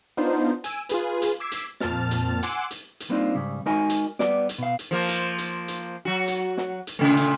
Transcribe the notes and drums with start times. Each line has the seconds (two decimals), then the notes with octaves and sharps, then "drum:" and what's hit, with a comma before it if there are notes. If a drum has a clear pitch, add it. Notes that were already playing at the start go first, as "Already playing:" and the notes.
0.17 B3 D4 D#4 F4 C5
0.64 G#5 E6 D7, drum: hi-hat
0.89 F4 G#4 B4, drum: hi-hat
1.22 drum: hi-hat
1.40 D6 E6 G#6 B6 C7
1.52 drum: hi-hat
1.80 F2 A#2 C4 A5 F6 A6, drum: snare
2.11 drum: hi-hat
2.43 F#5 G#5 C6 D6 E6 F#6, drum: hi-hat
2.71 drum: hi-hat
3.00 drum: hi-hat
3.10 G3 A#3 C4 D4 D#4 F4
3.35 G#2 C#3 G3
3.66 G#3 D#4 F#4 A#4 D#5 G#5
3.90 drum: hi-hat
4.19 G3 B3 D5, drum: snare
4.49 drum: hi-hat
4.58 B2 F5
4.79 drum: hi-hat
4.91 F3 A#3
5.09 drum: hi-hat
5.38 drum: hi-hat
5.68 drum: hi-hat
6.05 F#3 F#4
6.28 drum: hi-hat
6.57 drum: snare
6.87 drum: hi-hat
6.99 A#2 C#3 A3
7.17 drum: hi-hat